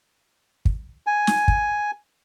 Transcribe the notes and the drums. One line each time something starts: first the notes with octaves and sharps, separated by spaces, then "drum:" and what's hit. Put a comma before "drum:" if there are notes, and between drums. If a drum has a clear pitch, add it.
drum: kick
G#5
drum: snare
drum: kick